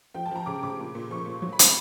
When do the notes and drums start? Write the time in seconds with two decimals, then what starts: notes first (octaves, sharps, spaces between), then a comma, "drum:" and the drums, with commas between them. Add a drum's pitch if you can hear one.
0.15 F3 G5
0.26 A5
0.31 F3 A#5
0.46 C#3 D6
0.63 C#3 D6
0.79 A#2
0.95 A#2
1.10 F3 C#6
1.26 A#2
1.42 F#3
1.53 B5
1.59 C3, drum: hi-hat
1.64 B5